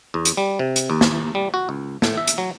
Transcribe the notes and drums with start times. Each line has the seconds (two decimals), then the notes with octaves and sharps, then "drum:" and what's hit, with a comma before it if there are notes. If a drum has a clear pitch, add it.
0.14 E2
0.25 drum: hi-hat
0.37 G3
0.59 C3
0.76 drum: hi-hat
0.90 D#2
1.01 drum: snare
1.35 G3
1.54 F#4
1.69 C#2
2.02 A2, drum: snare
2.17 E5
2.27 drum: hi-hat
2.38 F#3